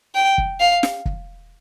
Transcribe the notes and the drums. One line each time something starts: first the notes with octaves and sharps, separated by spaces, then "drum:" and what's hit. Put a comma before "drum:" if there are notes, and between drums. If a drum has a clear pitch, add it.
G5
drum: kick
F5
drum: snare
drum: kick